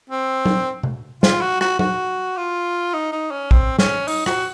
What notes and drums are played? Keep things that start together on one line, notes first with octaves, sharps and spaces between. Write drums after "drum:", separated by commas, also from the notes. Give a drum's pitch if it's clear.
C4
drum: tom F#3
drum: tom C3
F4, drum: snare
F#4
F#4, drum: rim click
F#4, drum: tom F#3
F4
D#4
D#4
C#4
C4, drum: kick
C#4, drum: snare
D#4, drum: open hi-hat
F#4, drum: rim click